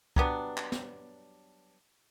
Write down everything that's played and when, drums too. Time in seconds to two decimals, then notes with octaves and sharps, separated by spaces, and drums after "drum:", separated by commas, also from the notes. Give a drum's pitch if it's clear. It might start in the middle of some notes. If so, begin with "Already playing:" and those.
0.16 F#3 G3 B3 D4, drum: kick
0.57 drum: clap
0.72 drum: snare